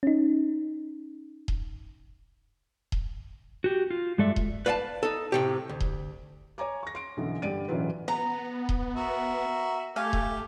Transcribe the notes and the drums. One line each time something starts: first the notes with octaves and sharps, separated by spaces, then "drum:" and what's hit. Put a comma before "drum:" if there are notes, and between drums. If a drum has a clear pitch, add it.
C#4 D#4
drum: kick D#1
drum: kick D#1
F#4 G4
F4
G2 G#3 A4 D5 E5
drum: kick D#1
B4 D5 F5 G5 A5
D#4 A4
A2 C3 G4
D2
drum: kick D#1
C#5 G#5 A#5 D6
C#6 A#6
C6 D7
B1 F#2 D3 E3
G2 D3 G4 D5 D7 D#7
E1 A1 E3 F#3 F4 B4
B3 A#5
drum: kick D#1
F#4 A#4 E5
A3 G4 F5 G#5
drum: kick D#1